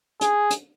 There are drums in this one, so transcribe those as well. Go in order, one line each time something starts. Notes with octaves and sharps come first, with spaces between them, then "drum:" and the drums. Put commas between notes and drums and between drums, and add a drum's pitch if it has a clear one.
G#4, drum: hi-hat
drum: hi-hat